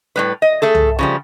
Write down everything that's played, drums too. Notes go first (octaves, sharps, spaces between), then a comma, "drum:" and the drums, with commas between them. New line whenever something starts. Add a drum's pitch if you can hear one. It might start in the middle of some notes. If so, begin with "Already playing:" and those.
A2 G3 B4
D#5
A3 G#4 A4
drum: tom C2
C#3 F3 G3